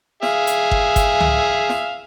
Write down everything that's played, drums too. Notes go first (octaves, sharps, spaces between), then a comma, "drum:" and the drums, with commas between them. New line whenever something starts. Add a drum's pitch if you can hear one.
G#4 E5 F5, drum: snare
drum: hi-hat
drum: kick G1
drum: kick G1, hi-hat
drum: tom C#2
drum: snare